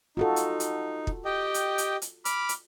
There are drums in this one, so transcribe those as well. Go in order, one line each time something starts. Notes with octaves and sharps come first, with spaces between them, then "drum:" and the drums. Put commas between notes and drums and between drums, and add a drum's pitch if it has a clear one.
D#4 F4 F#4 A4
drum: hi-hat
drum: hi-hat
drum: kick
G4 D#5 G5
drum: hi-hat
drum: hi-hat
drum: hi-hat
B5 D6 F6, drum: hi-hat
drum: hi-hat